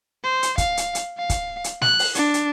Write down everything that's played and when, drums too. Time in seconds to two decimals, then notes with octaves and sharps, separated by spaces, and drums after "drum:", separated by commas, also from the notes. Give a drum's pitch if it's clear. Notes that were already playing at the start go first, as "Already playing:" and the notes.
0.24 C5
0.43 drum: hi-hat
0.58 F5, drum: kick, hi-hat
0.77 drum: hi-hat
0.95 drum: hi-hat
1.18 F5
1.30 drum: kick, hi-hat
1.64 drum: hi-hat
1.82 F#6, drum: snare
1.99 drum: open hi-hat
2.15 D4, drum: hi-hat
2.34 drum: hi-hat